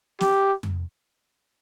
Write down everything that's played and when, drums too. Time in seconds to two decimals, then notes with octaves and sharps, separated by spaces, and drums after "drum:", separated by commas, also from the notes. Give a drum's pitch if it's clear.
0.21 G4, drum: snare
0.63 drum: tom F2